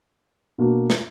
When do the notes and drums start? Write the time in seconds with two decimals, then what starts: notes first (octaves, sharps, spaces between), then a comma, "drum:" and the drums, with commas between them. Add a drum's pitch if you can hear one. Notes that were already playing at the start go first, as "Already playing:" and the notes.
0.58 B2 A#3 D4 F#4
0.90 drum: snare